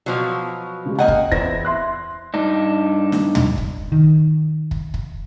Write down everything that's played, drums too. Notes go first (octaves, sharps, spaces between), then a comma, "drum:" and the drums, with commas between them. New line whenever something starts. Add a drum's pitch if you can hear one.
B2 F3 F#3
C#3 G#3 G4
A#3 D#5 F#5 G5
drum: kick
E2 E4 C5 A#6, drum: kick
E5 C6 F#6
G2 D4 D#4
drum: snare
drum: tom
drum: kick
D#3
drum: kick
drum: kick